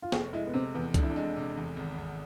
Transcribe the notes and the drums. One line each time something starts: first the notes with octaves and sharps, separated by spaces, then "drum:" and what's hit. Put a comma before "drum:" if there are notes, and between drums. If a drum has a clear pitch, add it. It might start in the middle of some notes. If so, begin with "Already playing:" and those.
F4
F1 G#4, drum: snare
G#3 E4
B3
C3 C4
E2 B3
F1 D4, drum: kick C2, hi-hat
E4
D4
G#3
C3
E2
G#1
G#1